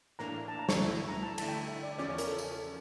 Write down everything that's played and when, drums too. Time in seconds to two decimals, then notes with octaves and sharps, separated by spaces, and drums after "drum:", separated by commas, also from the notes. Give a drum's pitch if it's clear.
0.19 A2 E3 A#3 D4 A#5
0.48 A5
0.59 A#5
0.69 C#6, drum: snare
0.79 A2 E3 A3 E4
1.09 A#5
1.23 A5
1.38 D3 A3 E4 A5, drum: cymbal
1.48 G5
1.69 E5
1.83 D5
1.98 E2 C#3 F3 C#4 D5
2.09 C#5
2.18 A#4, drum: hi-hat
2.28 A4
2.38 drum: tambourine
2.58 A4